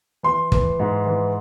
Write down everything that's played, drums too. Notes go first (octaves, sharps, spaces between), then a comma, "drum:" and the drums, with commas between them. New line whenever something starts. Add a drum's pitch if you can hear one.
E3 C6
E3, drum: kick
G#2
E3